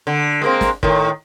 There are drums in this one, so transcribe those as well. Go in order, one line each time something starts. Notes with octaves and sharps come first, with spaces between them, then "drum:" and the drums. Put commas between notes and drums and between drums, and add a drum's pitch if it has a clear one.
D3
G#3 A#3 C4
drum: snare
A2 D#3, drum: kick